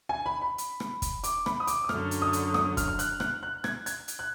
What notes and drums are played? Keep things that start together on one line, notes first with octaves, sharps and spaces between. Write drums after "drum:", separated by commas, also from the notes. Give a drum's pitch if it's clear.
G#5
B5
B5
drum: hi-hat
drum: rim click
drum: kick, hi-hat
D6, drum: hi-hat
B5, drum: rim click
D#6
D6, drum: hi-hat
D#6
F#2 D3 F#3 F6, drum: rim click
drum: hi-hat
D#6
drum: hi-hat
D#6, drum: rim click
F6, drum: kick, hi-hat
F6
F#6, drum: hi-hat
F#6, drum: rim click
F#6
G#6, drum: rim click
G#6, drum: hi-hat
drum: hi-hat
F#6